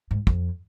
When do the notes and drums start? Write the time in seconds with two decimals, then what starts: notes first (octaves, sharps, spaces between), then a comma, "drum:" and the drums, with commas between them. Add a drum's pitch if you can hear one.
0.11 G#2
0.27 F2, drum: kick